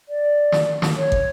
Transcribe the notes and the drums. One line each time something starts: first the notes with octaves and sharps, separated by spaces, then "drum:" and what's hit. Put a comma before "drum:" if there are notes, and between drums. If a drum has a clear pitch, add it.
D5
drum: snare
drum: snare
C#5
drum: kick